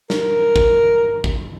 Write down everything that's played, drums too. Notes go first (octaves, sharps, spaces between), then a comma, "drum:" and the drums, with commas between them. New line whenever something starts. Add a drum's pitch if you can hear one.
A#4, drum: snare
drum: kick
drum: kick